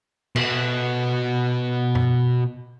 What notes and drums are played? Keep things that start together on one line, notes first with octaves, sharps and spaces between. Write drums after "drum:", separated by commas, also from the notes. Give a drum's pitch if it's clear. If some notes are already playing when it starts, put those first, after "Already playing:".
B2 F#4, drum: cymbal
drum: tom F#2